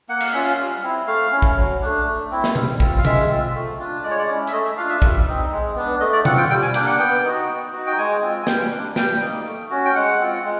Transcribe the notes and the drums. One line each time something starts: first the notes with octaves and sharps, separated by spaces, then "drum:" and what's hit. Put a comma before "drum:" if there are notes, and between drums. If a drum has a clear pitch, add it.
A#3 F#5
F5, drum: cymbal
C#4 F4 E5
F5, drum: hi-hat
G3
C4 E4
A3 F5
C#4 E4
drum: kick
F#3
A3 D4
A3
C4 E4
drum: snare
G3, drum: tom B2
C4 F4, drum: kick
F5
G#3 E5, drum: tom B2
C4 F4
A3
D4 F4
G#3 D5
C#5
D5
C#4 E4
E5, drum: hi-hat
A3 D#5
E5
D4 F4 F5
E5
G3, drum: kick
C4 D#4
G#3
B3 D4
A3 D#5
D5
C4 F4 F#5, drum: tom B2
G5
G3 G5
G#5
A#3 D4 G5, drum: cymbal
F#5
B3 G5
D#4 F#4
B3
D#4 F#4
G5
G#3 G#5
C4 F4
G#5
G3 G5, drum: snare
A#3 D4
G3 G5, drum: snare
A#3 D#4
A3
C#4 F#4
G5
G#3 F#5
C4 F4
G#3